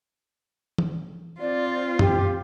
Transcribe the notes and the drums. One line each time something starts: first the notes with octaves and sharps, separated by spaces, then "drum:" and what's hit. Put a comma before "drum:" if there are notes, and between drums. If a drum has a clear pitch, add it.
drum: tom E3
C4 F4 D5
G4, drum: tom